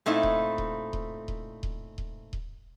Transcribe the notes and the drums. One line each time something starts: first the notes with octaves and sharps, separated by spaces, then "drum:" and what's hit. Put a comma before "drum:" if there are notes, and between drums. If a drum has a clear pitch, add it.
A#2 A3 C4 D#4 E4
drum: kick D#1
drum: kick D#1
drum: kick D#1
drum: kick D#1
drum: kick D#1
drum: kick D#1
drum: kick D#1